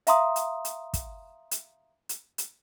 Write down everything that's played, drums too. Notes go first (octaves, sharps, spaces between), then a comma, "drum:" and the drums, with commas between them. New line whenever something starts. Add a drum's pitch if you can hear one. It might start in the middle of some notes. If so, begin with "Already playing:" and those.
E5 F5 A#5 C6 D#6, drum: hi-hat
drum: hi-hat
drum: hi-hat
drum: kick, hi-hat
drum: hi-hat
drum: hi-hat
drum: hi-hat